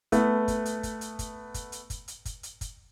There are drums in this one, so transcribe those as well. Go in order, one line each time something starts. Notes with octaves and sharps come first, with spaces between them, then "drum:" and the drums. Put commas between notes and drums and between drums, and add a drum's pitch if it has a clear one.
A3 B3, drum: kick, hi-hat
drum: kick, hi-hat
drum: hi-hat
drum: kick, hi-hat
drum: hi-hat
drum: kick, hi-hat
drum: kick, hi-hat
drum: hi-hat
drum: kick, hi-hat
drum: hi-hat
drum: kick, hi-hat
drum: hi-hat
drum: kick, hi-hat